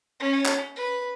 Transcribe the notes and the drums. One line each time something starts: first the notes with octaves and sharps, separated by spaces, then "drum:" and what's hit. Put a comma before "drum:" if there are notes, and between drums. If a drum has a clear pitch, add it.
C#4
drum: clap
B4